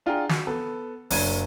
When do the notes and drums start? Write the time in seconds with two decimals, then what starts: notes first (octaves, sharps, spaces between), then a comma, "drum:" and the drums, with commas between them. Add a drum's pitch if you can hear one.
0.06 D4 F4 G#4 F#5 G5 A#5
0.29 F#4, drum: snare
0.47 B3 A4
1.10 F#1 F#3 A#3 D4 G#6 D#7, drum: open hi-hat